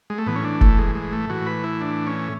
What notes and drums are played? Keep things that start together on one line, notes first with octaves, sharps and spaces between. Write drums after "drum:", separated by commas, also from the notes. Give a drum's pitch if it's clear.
G#3
A3
A2 E3 B3
C#4
D4
A3, drum: kick F1
G#3
G#3
A3
A2 E3 F#4
B4
E4
D4
C#4